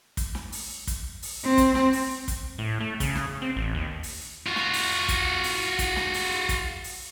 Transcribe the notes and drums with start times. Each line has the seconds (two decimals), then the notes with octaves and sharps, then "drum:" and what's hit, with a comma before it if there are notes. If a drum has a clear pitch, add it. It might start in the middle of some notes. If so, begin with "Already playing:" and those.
0.17 drum: kick, hi-hat
0.35 drum: snare
0.52 drum: open hi-hat
0.87 drum: kick, hi-hat
1.22 drum: open hi-hat
1.45 C4
1.58 drum: kick, hi-hat
1.75 drum: snare
1.93 drum: open hi-hat
2.28 drum: kick, hi-hat
2.58 A2
2.80 A3
3.00 C#3, drum: kick, hi-hat
3.15 drum: snare
3.42 C4
3.56 A1
3.74 D#2
4.03 drum: open hi-hat
4.47 F4 F#4
4.56 drum: snare
4.73 drum: open hi-hat
5.08 drum: kick, hi-hat
5.44 drum: open hi-hat
5.79 drum: kick, hi-hat
5.96 drum: snare
6.14 drum: open hi-hat
6.49 drum: kick, hi-hat
6.84 drum: open hi-hat